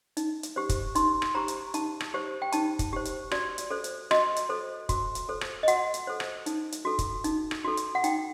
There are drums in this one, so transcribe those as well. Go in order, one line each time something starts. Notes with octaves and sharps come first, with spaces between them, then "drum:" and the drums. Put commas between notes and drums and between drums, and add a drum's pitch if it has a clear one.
D#4, drum: hi-hat
drum: hi-hat
G4 C5
drum: kick, hi-hat
D#4 C6, drum: hi-hat
drum: rim click
G4 C5 A#5
drum: hi-hat
D#4 A5, drum: hi-hat
drum: rim click
G4 C5
G5
D#4 A5, drum: hi-hat
drum: kick, hi-hat
G4 C5
drum: hi-hat
F#4 D5, drum: rim click
drum: hi-hat
A4 C5
drum: hi-hat
F#4 D#5, drum: rim click
drum: hi-hat
A4 C5
F#4, drum: kick, hi-hat
drum: hi-hat
A4 C5
drum: rim click
D#5
F#4 F#5, drum: hi-hat
drum: hi-hat
A4 C5
drum: rim click
D#4, drum: hi-hat
drum: hi-hat
F#4 A4
drum: kick, hi-hat
D#4, drum: hi-hat
drum: rim click
F#4 A4
drum: hi-hat
F#5
D#4 G5, drum: hi-hat